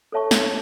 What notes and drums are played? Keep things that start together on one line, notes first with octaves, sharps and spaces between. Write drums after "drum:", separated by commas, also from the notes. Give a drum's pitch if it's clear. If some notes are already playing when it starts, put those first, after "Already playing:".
A4 C#5 E5 A5 C#6
drum: snare